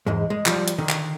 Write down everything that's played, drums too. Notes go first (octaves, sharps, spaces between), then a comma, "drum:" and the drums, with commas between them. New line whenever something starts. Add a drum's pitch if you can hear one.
E2 G#2 G#3
G#3
F3 G3, drum: clap
drum: hi-hat
D3 D#3
drum: clap